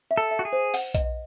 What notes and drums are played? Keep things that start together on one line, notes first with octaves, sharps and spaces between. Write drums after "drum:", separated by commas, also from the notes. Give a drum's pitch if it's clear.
E5
A4
E5
F#4
G#4
C5
F#5, drum: open hi-hat
D#5, drum: kick B1, hi-hat